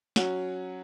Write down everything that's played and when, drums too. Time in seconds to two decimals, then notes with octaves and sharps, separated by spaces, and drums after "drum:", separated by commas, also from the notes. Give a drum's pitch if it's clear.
0.16 F#3 C#4 F#4, drum: snare